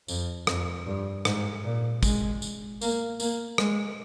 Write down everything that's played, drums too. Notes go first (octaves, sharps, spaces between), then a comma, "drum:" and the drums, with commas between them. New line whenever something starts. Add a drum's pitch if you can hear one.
F2, drum: tambourine
F2, drum: rim click
G2
G#2, drum: rim click
A#2
G#3, drum: kick, tambourine
drum: tambourine
A#3, drum: tambourine
A#3, drum: tambourine
G#3, drum: rim click